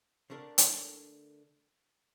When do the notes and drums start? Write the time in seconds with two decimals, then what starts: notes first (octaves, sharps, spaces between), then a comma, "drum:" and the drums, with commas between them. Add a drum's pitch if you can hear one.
0.30 D3 A3 D4 A#4
0.58 drum: hi-hat